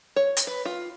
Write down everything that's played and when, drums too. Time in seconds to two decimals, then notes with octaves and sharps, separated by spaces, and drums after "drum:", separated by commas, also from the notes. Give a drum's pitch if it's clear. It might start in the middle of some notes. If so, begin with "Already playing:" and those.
0.16 C#5
0.37 drum: hi-hat
0.47 B4
0.65 F4